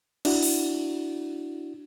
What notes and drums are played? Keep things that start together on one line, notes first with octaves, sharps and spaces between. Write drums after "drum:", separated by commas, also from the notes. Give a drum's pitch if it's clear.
D4 E4 F#4, drum: cymbal
drum: open hi-hat